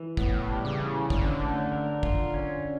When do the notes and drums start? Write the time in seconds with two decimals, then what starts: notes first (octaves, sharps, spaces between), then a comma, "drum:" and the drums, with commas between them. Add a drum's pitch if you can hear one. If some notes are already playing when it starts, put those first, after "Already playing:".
Already playing: E3
0.17 A2 B3, drum: kick
0.49 G3
0.65 C#3
0.79 E3
1.10 D3 C#4, drum: kick
1.41 A3
1.72 A#4
2.03 F4, drum: kick
2.34 C#4